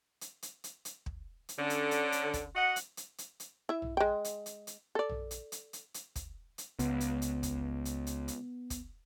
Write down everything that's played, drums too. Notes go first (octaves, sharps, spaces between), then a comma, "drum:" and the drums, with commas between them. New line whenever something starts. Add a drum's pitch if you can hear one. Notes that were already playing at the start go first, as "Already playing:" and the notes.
drum: hi-hat
drum: hi-hat
drum: hi-hat
drum: hi-hat
drum: kick
drum: hi-hat
D3 C#4
drum: hi-hat
drum: hi-hat
drum: hi-hat
drum: kick, hi-hat
F#4 D#5 F#5
drum: hi-hat
drum: hi-hat
drum: hi-hat
drum: hi-hat
E4 E5
drum: tom A#1
G#3 G5
drum: hi-hat
drum: hi-hat
drum: hi-hat
A4 D5
drum: tom A#1
drum: hi-hat
drum: hi-hat
drum: hi-hat
drum: hi-hat
drum: kick, hi-hat
drum: hi-hat
C#2 B3, drum: hi-hat
drum: hi-hat
drum: hi-hat
drum: kick, hi-hat
drum: hi-hat
drum: hi-hat
drum: hi-hat
drum: kick, hi-hat